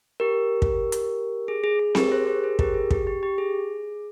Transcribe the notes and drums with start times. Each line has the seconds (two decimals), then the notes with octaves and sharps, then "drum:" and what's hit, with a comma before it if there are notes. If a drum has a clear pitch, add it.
0.20 G4 A#4
0.62 drum: kick
0.92 drum: hi-hat
1.48 G#4
1.64 G#4
1.80 G#4
1.95 G4 A#4, drum: snare C4
2.12 G#4 C5
2.27 G4 A#4
2.43 G#4 C5
2.59 G4 A#4, drum: kick
2.74 G#4
2.91 G4, drum: kick
3.07 G4
3.23 G4
3.38 G#4